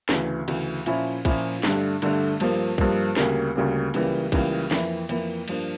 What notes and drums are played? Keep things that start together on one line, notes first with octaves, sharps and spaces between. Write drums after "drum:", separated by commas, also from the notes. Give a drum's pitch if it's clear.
D2 C#3 E3, drum: snare
D2 C#3 E3, drum: cymbal
A#2 F3 C#4 E4, drum: cymbal
A#2 F3 C#4 E4, drum: kick, cymbal
G2 D3 A3 D4, drum: snare
G2 D3 A3 D4, drum: cymbal
G2 F3 A#3, drum: cymbal
G2 F3 A#3, drum: kick
D2 C#3 G3 A#3, drum: snare
D2 C#3 G3 A#3
C#2 C#3 E3 G3 A#3, drum: cymbal
C#2 C#3 E3 G3 A#3, drum: kick, cymbal
F2 E3 A#3 E4, drum: snare
F2 E3 A#3 E4, drum: cymbal
G2 F3 A#3 D4, drum: cymbal